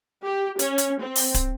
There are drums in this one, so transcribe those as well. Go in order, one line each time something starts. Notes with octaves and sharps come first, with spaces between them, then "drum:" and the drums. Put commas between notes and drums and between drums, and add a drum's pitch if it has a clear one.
G4
C#4, drum: hi-hat
drum: hi-hat
C4
drum: open hi-hat
drum: kick, hi-hat